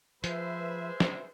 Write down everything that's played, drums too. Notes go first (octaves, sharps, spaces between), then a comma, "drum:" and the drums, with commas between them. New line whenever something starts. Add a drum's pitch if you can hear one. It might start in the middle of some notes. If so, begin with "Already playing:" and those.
F3 G#3 B4 C5 E5, drum: hi-hat
drum: snare